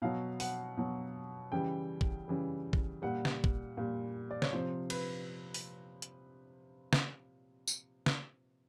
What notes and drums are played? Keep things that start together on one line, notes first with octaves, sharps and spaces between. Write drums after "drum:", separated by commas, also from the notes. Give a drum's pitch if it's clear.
B2 F#3 F5
F#5, drum: open hi-hat
B2 F#3
C#3 E3 G3 G5
drum: kick A#1
C#3 E3 G3
drum: kick A#1
A#2 G3 F#5
drum: snare
drum: kick A#1
A#2 G3
D5
C#5, drum: snare
C3 F3 C5
B4, drum: cymbal
drum: open hi-hat
drum: hi-hat
drum: snare
drum: tambourine
drum: snare